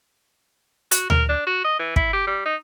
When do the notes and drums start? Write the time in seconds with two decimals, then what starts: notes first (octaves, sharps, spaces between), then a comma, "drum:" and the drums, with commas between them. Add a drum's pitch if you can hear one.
0.91 F#4, drum: hi-hat
1.10 A#4, drum: tom D2
1.29 D4
1.47 F#4
1.65 D#5
1.79 E3
1.96 E4, drum: kick
2.13 G4
2.27 G3
2.46 D#4